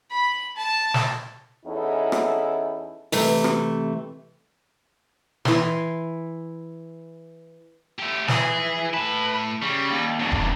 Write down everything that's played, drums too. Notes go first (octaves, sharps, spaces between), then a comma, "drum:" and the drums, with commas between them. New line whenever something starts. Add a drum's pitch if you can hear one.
B5
A5
drum: snare
E2 B3 C#4 D#4 E4 A4
drum: rim click
C3 E3 A3, drum: open hi-hat
drum: rim click
E3 C6, drum: snare
A3 G4
E3 G#4, drum: snare
A2 B4 A5
C#3 G3
D#2
E2 G2 C#3 D4
drum: kick E1